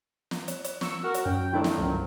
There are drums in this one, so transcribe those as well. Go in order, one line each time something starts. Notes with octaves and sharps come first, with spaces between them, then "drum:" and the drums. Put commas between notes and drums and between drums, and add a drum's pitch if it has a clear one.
drum: snare
drum: hi-hat
drum: hi-hat
C#6 E6 C#7, drum: snare
F#4 A#4
drum: hi-hat
F#2 F#3 G5
F2 D#3 F#3 A3 D4 E4
drum: snare
G1 C2 F#2